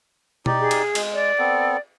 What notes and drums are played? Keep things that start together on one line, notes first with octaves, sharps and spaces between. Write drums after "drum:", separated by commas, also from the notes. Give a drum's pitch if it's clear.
D#4 G4 D5, drum: tom B2
G#4
drum: cymbal
G#3, drum: cymbal
D5
B3 C4 A4